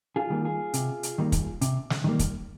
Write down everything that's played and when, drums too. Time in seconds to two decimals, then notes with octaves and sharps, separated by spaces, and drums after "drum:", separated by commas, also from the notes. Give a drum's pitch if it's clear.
0.16 F4 G#4
0.30 D#3 G3 A#3
0.45 F4 G#4
0.74 C3, drum: hi-hat
1.03 drum: hi-hat
1.18 D#3 G3 A#3
1.32 drum: kick, hi-hat
1.61 C3, drum: hi-hat
1.90 drum: snare
2.04 D#3 G3 A#3
2.19 drum: kick, hi-hat